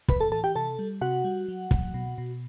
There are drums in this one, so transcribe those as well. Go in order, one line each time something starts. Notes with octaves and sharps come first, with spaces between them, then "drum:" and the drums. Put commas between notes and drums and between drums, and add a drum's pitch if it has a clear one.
A2 B4 B5, drum: kick
A4 A5
E3 A4 A5
G4 G5
C3 A4 A5
G3
C3 F#4 F#5
G3
F#3
F#3, drum: kick
B2
B2